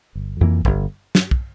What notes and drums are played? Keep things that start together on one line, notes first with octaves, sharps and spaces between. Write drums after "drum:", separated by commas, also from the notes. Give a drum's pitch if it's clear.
G1
F2 E3 A#3
G1, drum: kick
drum: snare
drum: kick